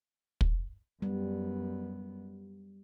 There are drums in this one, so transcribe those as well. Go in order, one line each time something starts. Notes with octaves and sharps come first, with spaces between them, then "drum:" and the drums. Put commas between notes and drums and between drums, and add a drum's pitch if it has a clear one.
drum: kick
F#2 G3 B3